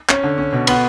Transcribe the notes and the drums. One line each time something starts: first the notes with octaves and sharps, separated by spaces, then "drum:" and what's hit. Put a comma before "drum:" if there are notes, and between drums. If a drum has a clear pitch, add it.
C#4, drum: clap
D3
C#4
B2
B3, drum: cymbal